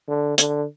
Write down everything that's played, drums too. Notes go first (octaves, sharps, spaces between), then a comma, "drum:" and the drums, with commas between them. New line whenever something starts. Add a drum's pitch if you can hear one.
D3
D3, drum: hi-hat